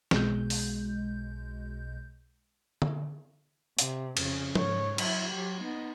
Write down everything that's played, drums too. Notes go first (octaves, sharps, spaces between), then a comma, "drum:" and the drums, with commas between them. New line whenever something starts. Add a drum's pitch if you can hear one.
B1 B2 G#3 G6, drum: snare
drum: open hi-hat
drum: tom
C3, drum: hi-hat
F2 C#3, drum: cymbal
G#2 C#5, drum: tom
F#3 E4, drum: cymbal
F#3 G4
B3 D#4